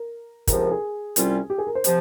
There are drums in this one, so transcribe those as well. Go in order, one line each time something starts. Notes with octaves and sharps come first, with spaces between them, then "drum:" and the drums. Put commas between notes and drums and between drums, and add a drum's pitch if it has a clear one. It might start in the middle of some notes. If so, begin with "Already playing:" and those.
Already playing: A#4
C#2 C3 F3 A#4, drum: kick, hi-hat
A#4
G#4
C2 C3 G3 C#4 F4, drum: hi-hat
G4
G#4
A#4
C5
C3 F3, drum: hi-hat